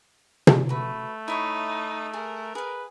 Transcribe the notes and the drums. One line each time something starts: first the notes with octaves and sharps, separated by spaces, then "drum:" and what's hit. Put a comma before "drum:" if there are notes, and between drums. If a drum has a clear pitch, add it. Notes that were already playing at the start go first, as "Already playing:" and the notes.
drum: tom
A3 F#4 B4
D#4 E4 C#5 C#6
G#4 A#4
G#4 B4 F5